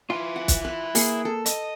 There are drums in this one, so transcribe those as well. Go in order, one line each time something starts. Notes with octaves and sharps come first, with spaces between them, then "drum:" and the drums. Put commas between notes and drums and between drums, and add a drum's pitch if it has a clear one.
E4 F4 G#5
F#5
drum: kick B1, hi-hat
B4
A#3 G#4, drum: open hi-hat
A4
D#5, drum: hi-hat